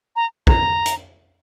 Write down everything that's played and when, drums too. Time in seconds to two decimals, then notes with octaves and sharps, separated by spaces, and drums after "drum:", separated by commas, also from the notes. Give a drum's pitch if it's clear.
0.16 A#5
0.47 A#5, drum: kick
0.86 drum: hi-hat